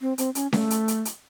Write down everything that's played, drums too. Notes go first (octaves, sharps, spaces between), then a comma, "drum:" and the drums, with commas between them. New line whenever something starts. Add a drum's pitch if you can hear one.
C4
C4, drum: hi-hat
C#4, drum: hi-hat
A3, drum: snare C#4
drum: hi-hat
drum: hi-hat
drum: hi-hat